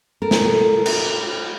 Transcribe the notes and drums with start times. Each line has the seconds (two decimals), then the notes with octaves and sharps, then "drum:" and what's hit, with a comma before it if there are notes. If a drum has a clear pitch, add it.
0.22 A4 A#4
0.31 drum: snare
0.86 drum: cymbal